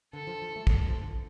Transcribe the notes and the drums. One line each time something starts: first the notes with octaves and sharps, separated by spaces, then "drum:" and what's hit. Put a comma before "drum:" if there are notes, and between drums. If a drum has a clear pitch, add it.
D3 A4
F3
F3
A3
A3, drum: kick
G3
F3
D3